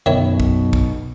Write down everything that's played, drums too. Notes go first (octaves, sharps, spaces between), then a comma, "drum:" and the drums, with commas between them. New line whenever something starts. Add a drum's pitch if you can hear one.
B1 F#2 B2 D#3 E4 C#5
drum: kick
drum: kick